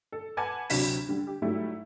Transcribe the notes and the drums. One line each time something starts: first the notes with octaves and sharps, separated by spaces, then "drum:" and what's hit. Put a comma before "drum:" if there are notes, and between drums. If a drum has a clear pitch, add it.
A4
B4 F#5 G#5 A5 D6 G#6
D2 C3 F#3 D4 B5 B6, drum: open hi-hat
D3 G3
G4
G#2 F#3 G3 A3 E4